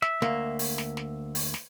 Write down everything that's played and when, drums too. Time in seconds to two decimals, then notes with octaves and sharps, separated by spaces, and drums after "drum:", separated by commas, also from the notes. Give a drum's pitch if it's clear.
0.02 E5, drum: snare
0.22 D2 A#3, drum: snare
0.59 drum: open hi-hat
0.78 drum: snare
0.97 drum: snare
1.35 drum: open hi-hat
1.54 drum: snare